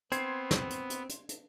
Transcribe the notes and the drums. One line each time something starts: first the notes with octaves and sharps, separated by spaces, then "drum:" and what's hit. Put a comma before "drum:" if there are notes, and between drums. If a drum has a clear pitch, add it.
B3 C4 C6 G#6 C7, drum: hi-hat
drum: snare
drum: hi-hat
drum: hi-hat
drum: hi-hat
drum: hi-hat